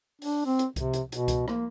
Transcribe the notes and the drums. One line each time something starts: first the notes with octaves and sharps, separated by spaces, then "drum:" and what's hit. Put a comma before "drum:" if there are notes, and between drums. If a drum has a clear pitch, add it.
D4, drum: open hi-hat
C4
drum: hi-hat
C3, drum: kick C2, hi-hat
drum: hi-hat
B2, drum: hi-hat
drum: kick C2, hi-hat
A#3, drum: rim click